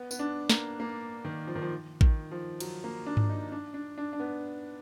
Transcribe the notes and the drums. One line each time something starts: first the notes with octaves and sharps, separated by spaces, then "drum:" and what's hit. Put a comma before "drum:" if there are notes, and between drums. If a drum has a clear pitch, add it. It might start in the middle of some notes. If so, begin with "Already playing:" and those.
Already playing: B3
B3, drum: tambourine
D4
A#3, drum: snare
A#3
D#3
F3
D#3
F3
D#3, drum: kick
F3
F#3, drum: cymbal
A#3
D4
drum: tom G#2
D#4
D4
D4
D4
D4
B3